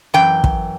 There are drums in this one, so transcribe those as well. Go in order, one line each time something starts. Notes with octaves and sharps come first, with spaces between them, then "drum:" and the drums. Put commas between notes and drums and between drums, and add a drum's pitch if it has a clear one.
F#2 E3 G5
drum: kick